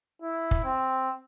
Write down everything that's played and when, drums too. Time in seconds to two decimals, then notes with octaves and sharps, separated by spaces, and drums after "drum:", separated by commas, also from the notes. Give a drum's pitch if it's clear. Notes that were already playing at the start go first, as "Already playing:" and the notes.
0.22 E4
0.51 drum: kick
0.65 C4